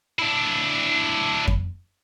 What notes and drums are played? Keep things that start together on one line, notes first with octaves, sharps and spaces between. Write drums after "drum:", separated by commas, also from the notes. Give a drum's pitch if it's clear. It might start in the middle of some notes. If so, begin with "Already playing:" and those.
D4 E4
drum: kick F2